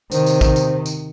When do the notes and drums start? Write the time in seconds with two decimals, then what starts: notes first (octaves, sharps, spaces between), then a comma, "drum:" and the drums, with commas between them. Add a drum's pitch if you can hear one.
0.12 C3 D#3 C5, drum: tambourine
0.26 drum: tambourine
0.41 drum: kick, tambourine
0.56 drum: tambourine
0.86 drum: tambourine